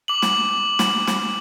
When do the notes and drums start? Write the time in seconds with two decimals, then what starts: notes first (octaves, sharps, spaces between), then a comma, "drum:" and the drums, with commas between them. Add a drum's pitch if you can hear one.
0.08 D6 F#7
0.22 drum: snare
0.79 drum: snare
1.07 drum: snare